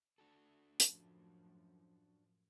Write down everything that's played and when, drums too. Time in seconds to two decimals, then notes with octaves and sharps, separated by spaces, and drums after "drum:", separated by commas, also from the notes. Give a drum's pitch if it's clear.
0.18 D4 F#4 A4
0.80 F#2 A2 F3, drum: hi-hat